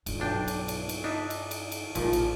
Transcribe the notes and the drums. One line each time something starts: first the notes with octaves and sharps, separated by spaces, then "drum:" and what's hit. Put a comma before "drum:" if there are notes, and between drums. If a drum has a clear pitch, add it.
G2 F4, drum: cymbal
B1 D4 G5
drum: cymbal
drum: cymbal
drum: cymbal
D4 D#4 E5
drum: cymbal
drum: cymbal
drum: cymbal
A1 A#2 F3, drum: cymbal
drum: cymbal